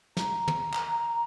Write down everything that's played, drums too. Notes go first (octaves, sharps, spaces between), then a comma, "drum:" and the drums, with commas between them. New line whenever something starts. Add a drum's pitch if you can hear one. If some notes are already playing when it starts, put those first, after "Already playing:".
A#5, drum: snare
drum: tom
drum: clap